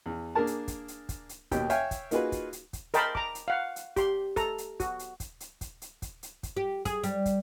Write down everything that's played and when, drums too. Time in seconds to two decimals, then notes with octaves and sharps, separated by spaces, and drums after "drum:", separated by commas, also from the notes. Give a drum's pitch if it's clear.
0.06 E2
0.35 A#3 D4 G#4 A#4 A5
0.47 drum: hi-hat
0.68 drum: kick, hi-hat
0.88 drum: hi-hat
1.09 drum: kick, hi-hat
1.29 drum: hi-hat
1.51 D#2 B2 G4 G5, drum: kick, hi-hat
1.70 C#5 E5 F5 G5 G#5, drum: hi-hat
1.91 drum: kick, hi-hat
2.11 A#3 D#4 F4 F#4 G#4 B4, drum: hi-hat
2.32 drum: kick, hi-hat
2.53 drum: hi-hat
2.73 drum: kick, hi-hat
2.94 A#4 D#5 G5 A5 B5 C6, drum: hi-hat
3.15 A#5 D6, drum: kick
3.35 drum: hi-hat
3.48 F5 F#5
3.76 drum: hi-hat
3.96 G4 C6, drum: kick, hi-hat
4.36 A4 A#5, drum: kick, hi-hat
4.58 drum: hi-hat
4.80 F#4, drum: kick, hi-hat
4.99 drum: hi-hat
5.20 drum: kick, hi-hat
5.40 drum: hi-hat
5.61 drum: kick, hi-hat
5.82 drum: hi-hat
6.02 drum: kick, hi-hat
6.23 drum: hi-hat
6.43 drum: kick, hi-hat
6.57 G4
6.85 G#4, drum: kick, hi-hat
7.03 G3, drum: hi-hat
7.25 drum: kick, hi-hat